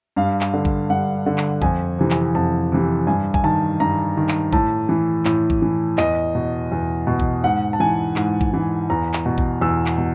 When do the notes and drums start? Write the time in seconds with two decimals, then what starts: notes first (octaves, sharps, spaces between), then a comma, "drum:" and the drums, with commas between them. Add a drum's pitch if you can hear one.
0.16 G2 F5
0.41 drum: clap
0.54 D3
0.65 drum: kick A1
0.89 G2 F#5
1.26 D3
1.38 drum: clap
1.62 F2 G#5, drum: kick A1
1.99 C3 E3
2.11 drum: clap
2.35 F2 A5
2.72 C3 E3
3.07 G2 G#5
3.34 G#5, drum: kick A1
3.44 D#3 A5
3.80 G2 A#5
4.17 D#3
4.29 drum: clap
4.53 A2 A5, drum: kick A1
4.89 E3
5.25 A2, drum: clap
5.50 drum: kick A1
5.62 E3
5.98 E2 D#5, drum: clap
6.35 B2
6.72 E2
7.07 B2
7.20 drum: kick A1
7.44 G#2 F#5
7.73 A5
7.80 E3 G#5
8.16 G#2, drum: clap
8.41 drum: kick A1
8.54 E3
8.90 E2 A#5
9.14 drum: clap
9.26 B2
9.38 drum: kick A1
9.61 E2 E6
9.86 drum: clap
9.98 B2